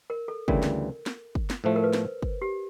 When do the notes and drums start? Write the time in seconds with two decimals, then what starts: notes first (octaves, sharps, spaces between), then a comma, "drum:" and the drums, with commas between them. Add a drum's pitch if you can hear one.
0.10 A#4
0.28 A4
0.48 D2 C#3 E3 G3 A#4, drum: kick
0.63 drum: snare
1.06 drum: snare
1.35 drum: kick
1.50 drum: snare
1.64 A2 F3 A3 C5
1.76 A#4
1.84 B4
1.93 drum: snare
2.22 drum: kick
2.42 G4